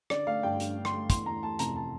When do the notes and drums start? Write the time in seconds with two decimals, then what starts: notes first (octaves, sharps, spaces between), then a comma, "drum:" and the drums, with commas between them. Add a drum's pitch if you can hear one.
0.10 D3 D5, drum: rim click
0.27 A3 F5
0.43 G2 G5
0.60 G2, drum: hi-hat
0.76 D3
0.85 C6, drum: rim click
0.93 A3
1.10 E2 C6, drum: kick, hi-hat
1.26 E3 A#5
1.43 A3 A5
1.59 F1 A#5, drum: hi-hat
1.76 A5